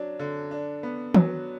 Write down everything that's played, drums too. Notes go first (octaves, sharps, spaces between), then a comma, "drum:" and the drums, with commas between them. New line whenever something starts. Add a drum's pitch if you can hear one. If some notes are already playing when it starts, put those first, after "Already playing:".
Already playing: F#3 D4
D3
D4
B3
F#3, drum: tom D#3